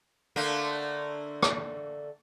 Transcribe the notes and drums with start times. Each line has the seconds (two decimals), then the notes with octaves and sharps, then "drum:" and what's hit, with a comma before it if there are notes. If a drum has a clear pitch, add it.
0.36 D3 A3 A#3
1.43 drum: rim click